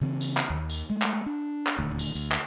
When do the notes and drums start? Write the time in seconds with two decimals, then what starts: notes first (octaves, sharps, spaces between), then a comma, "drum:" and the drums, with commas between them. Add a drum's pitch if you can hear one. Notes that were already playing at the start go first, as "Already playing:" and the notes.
0.01 C#3 E3 C4
0.21 drum: tambourine
0.37 drum: clap
0.50 D#2 D#3
0.69 drum: tambourine
0.90 G#3 A3
1.02 drum: clap
1.26 D4
1.67 drum: clap
1.78 D#1 D2
1.99 drum: tambourine
2.15 D2, drum: tambourine
2.32 drum: clap